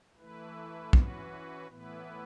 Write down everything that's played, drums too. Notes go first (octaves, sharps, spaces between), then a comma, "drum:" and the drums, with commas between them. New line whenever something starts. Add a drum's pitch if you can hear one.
E3 A3 E4 B4
E3 C#4 F#4 B4, drum: kick
A2 E3 B3 E4 B4